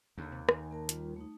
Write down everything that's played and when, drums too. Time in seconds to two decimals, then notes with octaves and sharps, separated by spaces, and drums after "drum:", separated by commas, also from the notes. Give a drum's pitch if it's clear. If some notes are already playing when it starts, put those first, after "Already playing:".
0.18 D#2 D3
0.32 C3
0.49 D#3 G#5, drum: rim click
0.71 A#3 A#4 A5
0.89 G3 F4, drum: hi-hat
1.16 A3 D#4